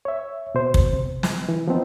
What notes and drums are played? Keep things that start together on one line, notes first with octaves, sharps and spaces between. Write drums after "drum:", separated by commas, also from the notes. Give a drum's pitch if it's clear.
C#5 E5
B2 C5
drum: kick
C3
drum: snare
E3
F3 B3 C4 D#4